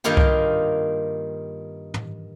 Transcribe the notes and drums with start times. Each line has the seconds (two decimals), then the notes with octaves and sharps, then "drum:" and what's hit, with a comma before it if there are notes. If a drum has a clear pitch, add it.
0.04 G2 D#3 A#3 D#4 F4 G4
0.17 drum: kick C2
1.94 drum: tom